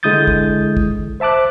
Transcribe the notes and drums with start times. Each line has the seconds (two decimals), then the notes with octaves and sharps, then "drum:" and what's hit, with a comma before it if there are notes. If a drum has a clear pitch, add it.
0.03 D3 G#3 E4 D#6 G6 A6
0.27 drum: kick
0.77 drum: kick
1.20 C5 E5 A5 D6 F#6